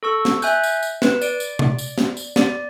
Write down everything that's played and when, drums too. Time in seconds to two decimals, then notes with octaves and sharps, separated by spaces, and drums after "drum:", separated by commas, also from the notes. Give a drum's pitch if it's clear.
0.03 A4 C#6 E6
0.25 drum: snare
0.42 E5 G#5 F#6 G6, drum: tambourine
0.63 drum: tambourine
0.83 drum: tambourine
1.02 B4, drum: snare
1.22 D5 D7, drum: tambourine
1.40 drum: tambourine
1.59 drum: tom
1.78 drum: tambourine
1.98 drum: snare
2.17 drum: tambourine
2.36 D5, drum: snare